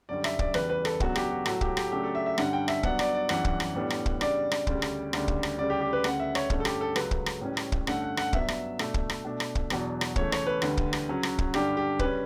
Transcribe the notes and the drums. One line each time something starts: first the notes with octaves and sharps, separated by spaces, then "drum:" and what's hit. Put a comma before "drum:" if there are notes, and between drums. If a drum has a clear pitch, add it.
F#2 D3 G3 D5
E5, drum: rim click
D5, drum: kick
E2 C#3 E3 G3 B4, drum: rim click
B4
A4, drum: rim click
C#2 C#3 F#3 B3 D4 F#4, drum: kick
G4, drum: rim click
F#4
A2 F#3 A3 F#4, drum: rim click
G4, drum: kick
G4, drum: rim click
C#3 F#3 A3 D4 G4
A4
E5
E5
G2 D3 G3 C#4 F#5, drum: rim click
G5
E5, drum: rim click
G2 F#3 B3 D4 F#5, drum: kick
D5, drum: rim click
D5
F#2 E3 G3 D4 F#5, drum: rim click
drum: kick
drum: rim click
A2 G3 B3 D4
drum: rim click
drum: kick
C#3 G3 D4 D5, drum: rim click
drum: rim click
D2 C#3 G3, drum: kick
drum: rim click
D2 C#3 G3 D4, drum: rim click
drum: kick
drum: rim click
D2 C#3 G3 D5
G4
G4
B4
D2 C#3 G3 F#5, drum: rim click
E5
C#5, drum: rim click
G2 D3 A3 C#4, drum: kick
A4
G4, drum: rim click
A4
C#2 C#3 F#3 B4, drum: rim click
drum: kick
drum: rim click
A2 G3 C#4
drum: rim click
drum: kick
G2 D3 A3 C#4 F#5, drum: rim click
F#5
F#5, drum: rim click
G2 F#3 B3 D4 E5, drum: kick
drum: rim click
B2 A3 D4, drum: rim click
drum: kick
drum: rim click
B2 A3 D4
drum: rim click
drum: kick
E2 B2 F#3 B3 D4, drum: rim click
drum: rim click
C#3 E3 A3 C#5, drum: kick
C#5, drum: rim click
B4
D2 D3 G3, drum: rim click
drum: kick
drum: rim click
C#3 F#3 C#4
drum: rim click
drum: kick
G2 D3 G3 D4 G4, drum: rim click
G4
C#3 G3 C#4 B4, drum: kick